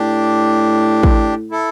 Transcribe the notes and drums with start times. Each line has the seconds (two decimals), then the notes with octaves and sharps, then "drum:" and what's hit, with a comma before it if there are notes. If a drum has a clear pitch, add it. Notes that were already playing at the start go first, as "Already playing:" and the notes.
Already playing: A2 D4 G4
1.03 drum: kick
1.51 E4 A4